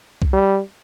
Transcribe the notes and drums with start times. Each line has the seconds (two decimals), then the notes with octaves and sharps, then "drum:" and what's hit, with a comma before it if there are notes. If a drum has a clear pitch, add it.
0.22 drum: kick C2
0.33 G3